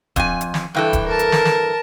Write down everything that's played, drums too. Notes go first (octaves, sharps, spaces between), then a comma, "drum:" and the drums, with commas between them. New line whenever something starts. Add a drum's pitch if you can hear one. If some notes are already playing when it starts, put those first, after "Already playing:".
F2 G#5, drum: kick D1, hi-hat
drum: hi-hat
drum: snare
G2 E3 A4 G5
drum: kick D1, hi-hat
A#4 A5
drum: hi-hat
drum: snare
drum: snare